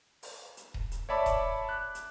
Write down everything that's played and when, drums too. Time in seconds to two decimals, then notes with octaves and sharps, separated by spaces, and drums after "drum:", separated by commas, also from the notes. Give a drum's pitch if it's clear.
0.23 drum: open hi-hat
0.57 drum: hi-hat
0.74 drum: kick D#1
0.91 drum: hi-hat
1.09 C#5 D5 E5 A5 B5 D6
1.26 drum: kick D#1, hi-hat
1.69 F#6
1.95 drum: hi-hat